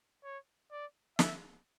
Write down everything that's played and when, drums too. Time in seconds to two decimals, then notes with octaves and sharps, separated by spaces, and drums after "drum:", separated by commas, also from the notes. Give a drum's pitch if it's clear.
0.24 C#5
0.72 D5
1.19 E5, drum: snare